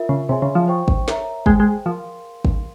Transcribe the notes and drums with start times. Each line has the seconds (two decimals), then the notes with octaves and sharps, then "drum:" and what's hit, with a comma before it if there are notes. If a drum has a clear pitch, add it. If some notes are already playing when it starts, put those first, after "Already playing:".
Already playing: F4 A#4 E5
0.09 C#3
0.28 C3 G#4 C#5 E5 G#5 C6
0.42 C#3
0.55 F3
0.68 C5 G5 C#6
0.88 drum: kick G1
1.08 A#4 C#5 E5 A#5, drum: snare
1.46 G#3 G#4 C5 G5, drum: kick G1
1.60 G#3
1.86 F3 A#4 F5 G#5 C6
2.45 drum: kick G1